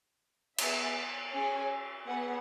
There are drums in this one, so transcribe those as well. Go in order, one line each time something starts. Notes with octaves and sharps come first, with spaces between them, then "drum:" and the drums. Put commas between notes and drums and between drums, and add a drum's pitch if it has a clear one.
B3 G#4 E5, drum: cymbal
C#4 G#4 C#5 G#5
B3 G#4 B4 F#5